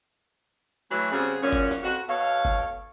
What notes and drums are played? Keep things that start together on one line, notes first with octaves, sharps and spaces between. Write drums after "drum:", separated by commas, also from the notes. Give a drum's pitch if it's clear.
E3 F#3 A3
C#3 G3 C4 F#4 G#4
F#2 A#2 C#4
drum: kick G1
drum: snare
F2 F#4
B2 A4 C#5 F5
drum: kick G1